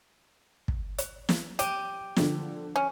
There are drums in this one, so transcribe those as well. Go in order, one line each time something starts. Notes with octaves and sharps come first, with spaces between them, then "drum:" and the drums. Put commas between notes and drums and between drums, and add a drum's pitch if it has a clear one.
drum: kick
drum: hi-hat
drum: snare
G4 D#7, drum: hi-hat
D3 F3, drum: snare
C#4